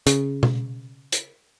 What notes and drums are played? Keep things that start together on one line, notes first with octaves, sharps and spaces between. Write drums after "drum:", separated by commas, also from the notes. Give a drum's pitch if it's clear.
C#3, drum: hi-hat
drum: tom B2
drum: hi-hat